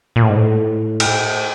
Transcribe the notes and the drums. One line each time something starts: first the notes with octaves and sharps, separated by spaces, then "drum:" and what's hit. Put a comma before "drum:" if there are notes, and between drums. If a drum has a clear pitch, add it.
A#2
A2
G#2
A2
drum: cymbal